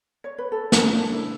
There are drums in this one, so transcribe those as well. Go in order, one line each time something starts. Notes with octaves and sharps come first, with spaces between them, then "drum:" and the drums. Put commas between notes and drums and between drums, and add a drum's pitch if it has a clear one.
C#5
B4
A4
C#4, drum: snare
D4
E4